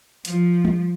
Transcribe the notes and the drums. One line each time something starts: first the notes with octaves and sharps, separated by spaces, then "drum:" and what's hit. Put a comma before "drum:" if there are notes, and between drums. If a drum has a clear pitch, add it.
F3, drum: hi-hat
drum: tom G3